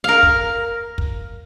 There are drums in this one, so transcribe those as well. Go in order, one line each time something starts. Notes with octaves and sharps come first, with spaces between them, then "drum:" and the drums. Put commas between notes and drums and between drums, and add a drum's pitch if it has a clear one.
A#4 F5
drum: kick
drum: kick